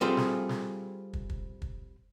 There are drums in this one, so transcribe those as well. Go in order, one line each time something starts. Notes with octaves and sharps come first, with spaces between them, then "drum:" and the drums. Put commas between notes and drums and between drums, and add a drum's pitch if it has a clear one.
G3 C4 F4 G#4 A4 C5
drum: snare
drum: snare
drum: kick
drum: kick
drum: kick